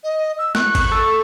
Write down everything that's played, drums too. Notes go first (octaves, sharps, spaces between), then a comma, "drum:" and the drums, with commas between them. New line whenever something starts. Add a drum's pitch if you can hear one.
D#5
E6
C#6 F#6, drum: snare
drum: kick, cymbal
A4